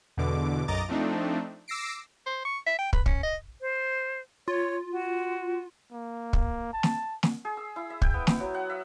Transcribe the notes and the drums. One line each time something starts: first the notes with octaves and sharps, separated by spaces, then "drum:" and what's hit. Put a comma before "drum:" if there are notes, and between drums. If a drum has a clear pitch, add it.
E2 B2 D3 D6
B1 F#2 D#5 A#5 D6 A6
F3 A3 C4 D4 D#4
D6 E6 A#6 C7 D7
C5
C#6
E5
G5
B4, drum: kick
C#4, drum: kick
D#5
C5
F4 C#5
F#4
A#3
drum: kick
A5
drum: snare
drum: snare
G#4
E6
E4
E5
G5, drum: kick
B3
B3, drum: snare
F#3
F#5
E5